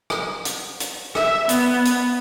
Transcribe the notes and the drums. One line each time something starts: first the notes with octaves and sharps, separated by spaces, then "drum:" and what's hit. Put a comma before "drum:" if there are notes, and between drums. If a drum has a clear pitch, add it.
drum: rim click
drum: hi-hat
drum: hi-hat
E5, drum: rim click
B3, drum: hi-hat
drum: hi-hat